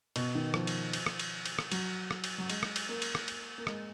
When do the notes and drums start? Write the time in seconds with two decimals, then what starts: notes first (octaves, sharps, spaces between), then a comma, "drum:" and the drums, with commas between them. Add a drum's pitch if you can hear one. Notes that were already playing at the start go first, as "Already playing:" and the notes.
0.16 B2, drum: cymbal
0.35 D#3
0.54 F3, drum: rim click
0.67 drum: cymbal
0.93 drum: cymbal
1.06 drum: rim click
1.19 drum: cymbal
1.46 drum: cymbal
1.59 drum: rim click
1.72 F#3, drum: cymbal
2.11 drum: rim click
2.24 drum: cymbal
2.38 F#3
2.50 G#3, drum: cymbal
2.63 drum: rim click
2.76 drum: cymbal
2.89 A#3
3.02 drum: cymbal
3.15 drum: rim click
3.28 drum: cymbal
3.58 A#3
3.67 G#3, drum: rim click